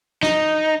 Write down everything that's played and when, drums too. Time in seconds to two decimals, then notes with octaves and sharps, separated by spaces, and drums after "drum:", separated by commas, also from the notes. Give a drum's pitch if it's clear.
0.23 D#4, drum: snare